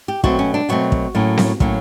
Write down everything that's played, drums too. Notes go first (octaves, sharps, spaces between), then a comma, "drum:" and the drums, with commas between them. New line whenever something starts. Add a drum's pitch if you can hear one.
G4
B2 F#3 A3 C4 F#4, drum: kick
C#4
D4
B2 F#3 A3 C4 F#4
drum: kick
A2 F#3 A#3 C#4
drum: snare C4
A2 F#3 A#3 C#4, drum: kick